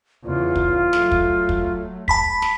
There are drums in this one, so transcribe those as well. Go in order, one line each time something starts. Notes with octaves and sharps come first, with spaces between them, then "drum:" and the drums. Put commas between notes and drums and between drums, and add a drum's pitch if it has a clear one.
E2 C#3 F4
drum: kick
F#3 A3, drum: snare
drum: kick
drum: kick
A5 B5 B6, drum: kick
drum: snare